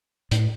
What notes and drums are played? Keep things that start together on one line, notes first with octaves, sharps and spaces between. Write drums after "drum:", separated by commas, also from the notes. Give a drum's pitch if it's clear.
A2, drum: hi-hat